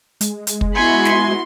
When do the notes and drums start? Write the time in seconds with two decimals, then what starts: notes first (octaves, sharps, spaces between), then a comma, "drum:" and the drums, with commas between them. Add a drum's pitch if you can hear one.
0.21 G#3, drum: hi-hat
0.47 drum: hi-hat
0.61 drum: kick
0.75 B3 E4 F#4 G#5 B5 C6 C#7
1.05 C6, drum: snare